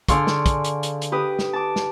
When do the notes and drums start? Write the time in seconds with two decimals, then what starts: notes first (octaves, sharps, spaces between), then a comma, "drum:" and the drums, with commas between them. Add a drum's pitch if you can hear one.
0.09 D3 G#4 D5 F5 C6 C#6, drum: kick, hi-hat
0.27 drum: snare
0.46 drum: kick, hi-hat
0.64 drum: hi-hat
0.83 drum: hi-hat
1.01 drum: hi-hat
1.12 G4 B4 D#6
1.39 drum: snare
1.53 A5 D6
1.76 drum: snare